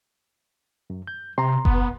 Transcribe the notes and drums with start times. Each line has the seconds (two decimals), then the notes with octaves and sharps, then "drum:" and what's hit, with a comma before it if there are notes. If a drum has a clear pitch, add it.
0.90 F#2
1.07 G6
1.38 C3 A#5 C6
1.65 B3, drum: kick F#1